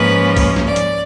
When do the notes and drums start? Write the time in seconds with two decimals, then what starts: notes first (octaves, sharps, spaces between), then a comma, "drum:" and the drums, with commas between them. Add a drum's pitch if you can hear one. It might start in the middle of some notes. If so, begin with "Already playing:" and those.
Already playing: G#2 F3 A#3 C#4 B4
0.37 drum: kick B1, open hi-hat
0.56 drum: snare
0.66 D5
0.76 drum: hi-hat